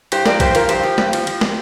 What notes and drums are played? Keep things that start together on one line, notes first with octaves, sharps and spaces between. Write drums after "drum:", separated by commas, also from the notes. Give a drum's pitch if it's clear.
G2 G4 C5, drum: cymbal
F3 A#4 D5, drum: snare
G2 G4 C5, drum: kick A#1, cymbal
F3 F4 A#4, drum: cymbal
G2 G4 C5, drum: cymbal
F3
G2, drum: snare
F3, drum: cymbal
F3, drum: cymbal
drum: snare